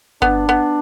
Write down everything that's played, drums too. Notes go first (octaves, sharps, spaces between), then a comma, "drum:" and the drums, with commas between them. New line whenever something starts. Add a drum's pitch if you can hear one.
B3 D4, drum: kick G1
B3